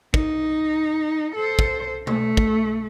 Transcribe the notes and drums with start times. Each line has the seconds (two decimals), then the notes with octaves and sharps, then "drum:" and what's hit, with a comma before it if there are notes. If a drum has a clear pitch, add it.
0.14 D#4, drum: kick
1.35 A4 C5
1.59 drum: kick
2.07 A3, drum: tom B2
2.37 drum: kick